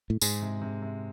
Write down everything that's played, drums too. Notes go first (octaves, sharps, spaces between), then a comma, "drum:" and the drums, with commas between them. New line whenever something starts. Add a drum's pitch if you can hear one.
A2
G#2 G#3, drum: tambourine
C3
C3
C3